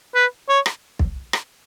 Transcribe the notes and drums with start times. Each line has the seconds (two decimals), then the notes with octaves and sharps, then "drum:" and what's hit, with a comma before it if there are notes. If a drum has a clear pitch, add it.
0.15 B4
0.49 C#5
0.66 drum: rim click
0.99 drum: kick
1.33 drum: rim click